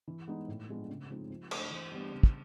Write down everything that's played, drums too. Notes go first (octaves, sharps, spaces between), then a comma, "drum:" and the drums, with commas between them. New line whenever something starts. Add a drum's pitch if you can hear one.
E3
G#3 B3 D#4
A2
F3 G#3 B3 D4
C#3
F3 G#3 C4 D#4
F3
A3 D4, drum: cymbal
E3
G3 B3 D4
C#3
drum: kick